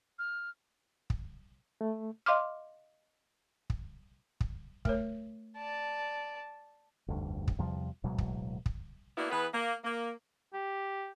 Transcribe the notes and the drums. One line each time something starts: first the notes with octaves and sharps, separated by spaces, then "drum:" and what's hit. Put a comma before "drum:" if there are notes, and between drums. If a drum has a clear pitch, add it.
F6
drum: kick
A3
D#5 F5 C6 D6 F6
drum: kick
drum: kick
A3 A#4 C#5, drum: kick
D5 A5
F1 D2 G2
drum: kick
E2 C3 F3 G3
D1 B2 F#3 G#3
drum: kick
drum: kick
A#3 B3 D4 E4 F#4
E3 B3 G#4 B4
A#3
A#3
G4